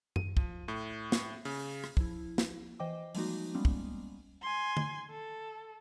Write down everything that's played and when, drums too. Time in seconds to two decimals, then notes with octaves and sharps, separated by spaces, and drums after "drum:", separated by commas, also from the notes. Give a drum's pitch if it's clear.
0.16 D#7, drum: tom F#2
0.37 F3, drum: kick
0.68 A2
1.12 drum: snare
1.45 C#3, drum: open hi-hat
1.84 drum: rim click
1.97 F3 E4, drum: kick
2.38 drum: snare
2.79 E3 C5 D#5 G5 D6
3.15 F3 G3 G#3 A#3 D#4 F#4, drum: open hi-hat
3.55 G3 G#3 A#3 B3 C#4
3.65 drum: kick
4.42 G#5 C6
4.77 drum: tom D3
5.11 A4